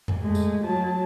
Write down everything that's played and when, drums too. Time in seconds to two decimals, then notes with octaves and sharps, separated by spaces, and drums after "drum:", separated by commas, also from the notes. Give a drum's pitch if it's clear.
0.08 drum: tom F2
0.21 G#3 A3
0.35 drum: tambourine
0.64 F#3 A5